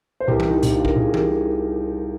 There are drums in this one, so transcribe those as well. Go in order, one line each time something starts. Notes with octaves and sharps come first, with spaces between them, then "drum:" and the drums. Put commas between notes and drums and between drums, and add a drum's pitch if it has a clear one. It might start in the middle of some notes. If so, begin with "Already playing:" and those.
C5
C2 G4 A#4
drum: tom E3
D#4 G4
C2, drum: hi-hat
D4 F4
A#4, drum: kick A#1
C2 F4 G#4
G4 A#4, drum: tom E3